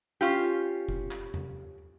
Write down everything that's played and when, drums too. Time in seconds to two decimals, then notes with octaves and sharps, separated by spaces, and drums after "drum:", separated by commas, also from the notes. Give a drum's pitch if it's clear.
0.21 C#4 F4 G4
0.89 drum: kick F1
1.11 drum: clap
1.34 drum: tom E2